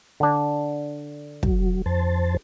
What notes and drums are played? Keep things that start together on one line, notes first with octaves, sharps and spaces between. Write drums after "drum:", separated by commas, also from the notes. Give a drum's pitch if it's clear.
D3 D4
F#3, drum: kick
F2 C5 A5